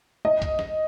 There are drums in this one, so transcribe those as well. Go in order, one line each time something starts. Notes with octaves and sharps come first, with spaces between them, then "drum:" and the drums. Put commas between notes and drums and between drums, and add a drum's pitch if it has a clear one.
D#5, drum: tom
drum: kick C2, hi-hat
drum: snare